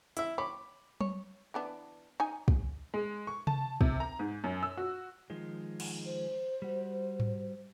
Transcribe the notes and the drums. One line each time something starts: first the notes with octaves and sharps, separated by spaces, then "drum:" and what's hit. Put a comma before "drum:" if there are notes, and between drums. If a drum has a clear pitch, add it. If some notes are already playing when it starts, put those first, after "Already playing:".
E4 E5, drum: hi-hat
C#5 B5 D6
C#5, drum: tom F#3
E3 B3 D4
D#4 G#5
drum: kick
G#3
C#6
A5, drum: tom C3
C3, drum: kick
A#5
G#2
F#2
E6
F#4
D#3 F3 G#3
drum: cymbal
C5
G3 F#4
drum: tom G#2